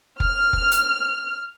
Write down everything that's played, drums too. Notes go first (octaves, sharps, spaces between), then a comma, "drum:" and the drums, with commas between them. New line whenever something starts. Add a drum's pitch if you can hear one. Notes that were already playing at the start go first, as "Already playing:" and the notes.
F6, drum: kick F1
drum: kick F1
drum: hi-hat